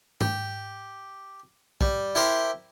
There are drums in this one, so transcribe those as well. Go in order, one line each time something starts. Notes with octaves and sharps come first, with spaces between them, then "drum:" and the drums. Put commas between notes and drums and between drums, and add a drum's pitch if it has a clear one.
G4, drum: tom G#2
G3, drum: kick
E4 G4 A#4 C5